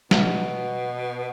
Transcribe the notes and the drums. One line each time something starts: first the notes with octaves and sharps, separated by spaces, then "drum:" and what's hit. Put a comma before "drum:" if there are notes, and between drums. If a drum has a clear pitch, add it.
B2, drum: snare